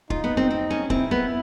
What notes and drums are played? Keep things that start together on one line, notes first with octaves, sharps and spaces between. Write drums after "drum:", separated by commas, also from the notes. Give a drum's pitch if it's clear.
D#4 F4, drum: kick
B3
C4
C4
C#4
C4 E4, drum: kick
B3